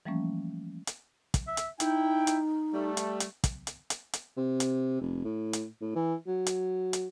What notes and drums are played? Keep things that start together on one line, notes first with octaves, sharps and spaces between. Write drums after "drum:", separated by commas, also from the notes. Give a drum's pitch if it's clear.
E3 F3 G3 A3 A#3 C#4
drum: hi-hat
drum: kick, hi-hat
E5
drum: hi-hat
D#4 E4 G5, drum: hi-hat
drum: hi-hat
G3 A3
drum: hi-hat
drum: hi-hat
drum: kick, hi-hat
drum: hi-hat
drum: hi-hat
drum: hi-hat
C3
drum: hi-hat
F1
A2
drum: hi-hat
A2
E3
F#3
drum: hi-hat
drum: hi-hat